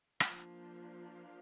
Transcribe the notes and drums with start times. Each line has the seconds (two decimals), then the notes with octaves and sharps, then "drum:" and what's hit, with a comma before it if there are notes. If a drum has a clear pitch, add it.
0.20 F3 A#3 D4, drum: rim click
1.02 F5